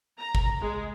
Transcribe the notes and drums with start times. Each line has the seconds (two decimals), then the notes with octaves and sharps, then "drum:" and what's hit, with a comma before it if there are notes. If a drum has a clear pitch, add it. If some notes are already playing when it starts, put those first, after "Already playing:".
0.18 A#5
0.35 drum: kick
0.60 G#3